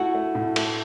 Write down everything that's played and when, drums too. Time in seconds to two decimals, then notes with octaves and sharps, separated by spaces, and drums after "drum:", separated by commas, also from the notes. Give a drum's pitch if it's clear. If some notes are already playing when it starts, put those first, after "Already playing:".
Already playing: A3 E4 F#4
0.14 A3
0.35 A2
0.56 A3, drum: cymbal